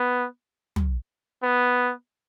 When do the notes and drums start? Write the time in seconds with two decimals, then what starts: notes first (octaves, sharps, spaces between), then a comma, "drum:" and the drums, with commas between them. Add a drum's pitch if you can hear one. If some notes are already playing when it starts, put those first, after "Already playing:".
Already playing: B3
0.76 drum: tom
1.43 B3